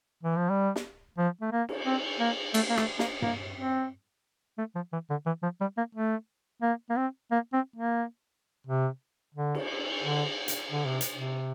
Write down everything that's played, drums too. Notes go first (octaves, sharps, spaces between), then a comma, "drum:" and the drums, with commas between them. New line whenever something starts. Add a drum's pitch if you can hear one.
E3
F3
G3
drum: snare
F3
A3
A#3
drum: cymbal
C4
A#3
A3, drum: cymbal
A#3
A3, drum: rim click
A#3, drum: snare
A#3, drum: tom G2
C4
A3
F3
E3
D3
E3
F3
G3
A#3
A3
A#3
A#3
C4
A#3
C4
A#3
C3
D3
drum: cymbal
D3
drum: hi-hat
D3
C3
drum: hi-hat
C3